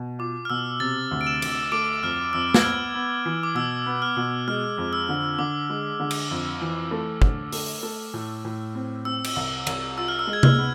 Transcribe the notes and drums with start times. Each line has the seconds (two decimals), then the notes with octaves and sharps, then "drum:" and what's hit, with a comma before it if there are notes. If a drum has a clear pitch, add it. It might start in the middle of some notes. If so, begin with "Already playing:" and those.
Already playing: B2
0.19 F4 D6
0.45 F6
0.50 B2 E6
0.80 C3 A6
1.11 D2
1.21 D7
1.26 E6 E7
1.42 D2, drum: cymbal
1.72 A3 D6 D7
2.03 F2 F6
2.33 F2 E6
2.54 G#6, drum: snare
2.63 B3 F6
2.94 B3
3.26 E3
3.43 D6
3.55 B2 E6
3.86 B3
4.02 F6
4.17 B2
4.48 G#3 F6
4.78 F2
4.93 E6
5.09 D3
5.38 D3 D6
5.70 G#3
6.00 D3
6.11 drum: cymbal
6.31 F2
6.61 E3
6.91 A3
7.22 D3, drum: kick
7.52 A3, drum: open hi-hat
7.83 A3
8.14 A2
8.45 A2
8.75 C4
9.05 C4 E6
9.24 drum: cymbal
9.36 C2
9.67 C2, drum: cymbal
9.97 F4 E6
10.08 F6
10.19 E6
10.27 G#3
10.33 G#6
10.43 F6, drum: tom C3
10.58 B3